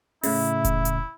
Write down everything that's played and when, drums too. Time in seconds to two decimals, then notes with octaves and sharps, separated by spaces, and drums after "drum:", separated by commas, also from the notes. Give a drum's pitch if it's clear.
0.23 A2 C#3 E4 E5, drum: open hi-hat
0.65 drum: kick E1, hi-hat
0.85 drum: hi-hat